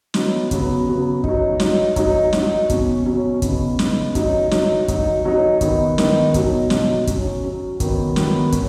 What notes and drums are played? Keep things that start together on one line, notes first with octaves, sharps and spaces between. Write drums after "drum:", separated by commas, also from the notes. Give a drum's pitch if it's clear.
F#3 B3 D#4, drum: snare
C#3 F#3 B3, drum: kick, hi-hat
C#3 F#3 B3
F#3 D#4, drum: kick
F#3 D#4, drum: snare
F#3 D#4, drum: kick, hi-hat
F#3 D#4, drum: snare
B2 F#3 C#4, drum: kick, hi-hat
B2 F#3 C#4
C#3 B3 D#4, drum: kick, hi-hat
C#3 B3 D#4, drum: snare
F#3 D#4, drum: kick, hi-hat
F#3 D#4, drum: snare
F#3 D#4, drum: kick, hi-hat
F#3 D#4
D#3 B3 D#4, drum: kick, hi-hat
D#3 B3 D#4, drum: snare
B2 F#3 D#4, drum: kick, hi-hat
B2 F#3 D#4, drum: snare
F#3 C#4, drum: kick, hi-hat
F#3 C#4
D#3 F#3 B3, drum: kick, hi-hat
D#3 F#3 B3, drum: snare
C#4, drum: kick, hi-hat